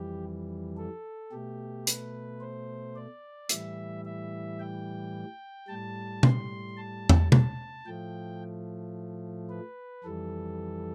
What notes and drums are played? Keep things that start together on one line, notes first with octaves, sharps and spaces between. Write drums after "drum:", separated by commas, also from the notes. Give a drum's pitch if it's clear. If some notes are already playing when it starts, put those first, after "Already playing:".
Already playing: F2 E3 G3 G4
A4
B2 A3 G4
B4, drum: hi-hat
C5
D5
A2 E3 G3 E5, drum: hi-hat
E5
G5
A2 G3 A5
C6, drum: tom B2
A5
drum: tom
A5, drum: tom B2
A2 F3 A3 G5
B4
F2 E3 G3 A4